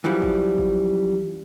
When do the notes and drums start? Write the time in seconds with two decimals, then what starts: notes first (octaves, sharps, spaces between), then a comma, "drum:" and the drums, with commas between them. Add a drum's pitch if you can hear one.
0.04 F#2 E3 F3 G3
0.22 drum: kick G#1
0.58 drum: kick G#1